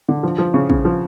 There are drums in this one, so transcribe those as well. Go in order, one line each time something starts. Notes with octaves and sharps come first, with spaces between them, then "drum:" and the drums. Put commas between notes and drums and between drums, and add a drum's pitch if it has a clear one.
D3
F3
F3
C#3
C#3, drum: kick A1
F3